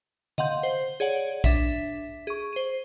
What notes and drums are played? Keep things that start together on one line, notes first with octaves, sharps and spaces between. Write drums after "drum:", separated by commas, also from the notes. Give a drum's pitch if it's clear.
D#5 F5 F#5 C6 G6, drum: tom D3
C5
G#4 C#5 D5 F#5
D4 E5 B6, drum: kick
G#4 C#6
C5 D#7